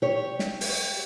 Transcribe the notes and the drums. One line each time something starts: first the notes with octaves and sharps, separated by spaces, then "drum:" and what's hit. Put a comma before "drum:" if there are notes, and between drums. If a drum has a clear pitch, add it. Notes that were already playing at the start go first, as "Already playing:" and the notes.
G4 C#5
drum: snare
drum: open hi-hat